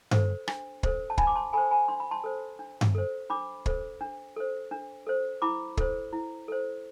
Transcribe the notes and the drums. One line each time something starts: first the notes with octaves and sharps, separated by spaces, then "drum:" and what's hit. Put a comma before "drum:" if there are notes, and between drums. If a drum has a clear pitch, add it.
A4 C5, drum: tom G2
D4, drum: rim click
A4 C5, drum: kick
A5
D4 G#5 B5, drum: kick
D6
A5 C6
A4 C5 G#5 B5
G#5 B5
D4 C6
B5
A5 C6
A4 C5
D4
drum: tom G2
A4 C5
D4 B5 D6
A4 C5, drum: kick
D4
A4 C5
D4
A4 C5
E4 B5 D6
A4 C5, drum: kick
E4
A4 C5